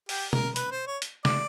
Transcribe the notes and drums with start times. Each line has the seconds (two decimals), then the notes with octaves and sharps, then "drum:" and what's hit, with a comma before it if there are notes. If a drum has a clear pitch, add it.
0.09 G4, drum: open hi-hat
0.33 A#4, drum: tom
0.56 B4, drum: hi-hat
0.71 C5
0.87 C#5
1.02 drum: hi-hat
1.25 D5, drum: snare